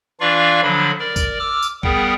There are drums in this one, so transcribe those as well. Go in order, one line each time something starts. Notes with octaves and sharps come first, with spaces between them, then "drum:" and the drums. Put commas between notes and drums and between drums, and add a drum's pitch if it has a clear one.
E3 D4 F4 D5 F5 C#6
D3 F3 F#3 D4 B5
A#4 D5
drum: kick, tambourine
D6 E6 F6
drum: tambourine
G3 B3 G#4 A#4 F#5 G5, drum: kick